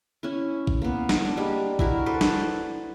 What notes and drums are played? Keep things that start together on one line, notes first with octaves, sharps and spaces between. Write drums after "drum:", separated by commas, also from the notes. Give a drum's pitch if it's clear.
C#4 E4
drum: kick
A#3 B3
drum: snare
D4
G3 G#3 A#3
E4 F#4 A#4, drum: kick
A4 B4 C5 D5
drum: snare